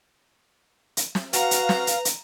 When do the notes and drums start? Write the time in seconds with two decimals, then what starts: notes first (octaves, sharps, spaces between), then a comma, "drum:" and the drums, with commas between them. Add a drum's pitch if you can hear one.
0.97 drum: hi-hat
1.15 drum: snare
1.33 F#4 B4 F5 A#5, drum: hi-hat
1.51 drum: hi-hat
1.69 drum: snare
1.87 drum: hi-hat
2.05 drum: hi-hat